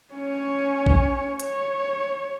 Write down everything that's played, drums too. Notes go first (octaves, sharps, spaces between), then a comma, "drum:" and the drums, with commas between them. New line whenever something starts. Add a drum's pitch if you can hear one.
C#4 C#5
drum: kick A#1
C#5, drum: hi-hat